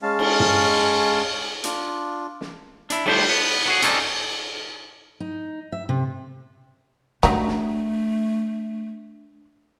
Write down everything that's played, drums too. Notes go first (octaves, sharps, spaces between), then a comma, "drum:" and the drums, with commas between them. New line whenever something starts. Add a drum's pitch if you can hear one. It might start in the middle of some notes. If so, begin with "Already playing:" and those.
G#3 C#4 F5 A5
drum: cymbal
drum: tom
D4 F4, drum: hi-hat
drum: snare
D4 E4, drum: hi-hat
G3 A3 B3 G4 B4 C5, drum: cymbal
B3
B3 F#4 G#4
C4 C#4 D#4 A4 C5 D5, drum: hi-hat
D#4
E5
C3
F#3 G3 A3 D4 D#4
drum: snare